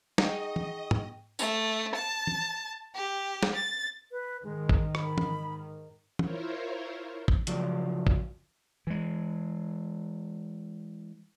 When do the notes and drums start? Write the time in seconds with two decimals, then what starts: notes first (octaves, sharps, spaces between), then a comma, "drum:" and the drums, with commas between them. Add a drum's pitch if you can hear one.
0.18 D#4 G#4 D#5 F#5 G5 C#6, drum: snare
0.56 drum: tom
0.91 drum: tom G#2
1.39 A3, drum: tambourine
1.94 A5
2.27 drum: tom
2.95 G4
3.43 drum: snare
3.54 A6
4.12 B4
4.44 G#2 D#3 G#3
4.69 drum: kick
4.95 B5, drum: rim click
5.18 drum: tom
6.19 E4 F4 A#4 C5 C#5, drum: tom
7.28 drum: kick
7.47 C#3 F3 F#3 F4 D5, drum: hi-hat
8.07 drum: kick
8.87 E3 G#3